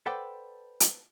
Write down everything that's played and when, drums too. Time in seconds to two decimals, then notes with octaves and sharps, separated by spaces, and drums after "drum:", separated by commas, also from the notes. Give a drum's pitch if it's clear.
0.06 A4 B4 C5 D5 F#5 G5
0.80 drum: hi-hat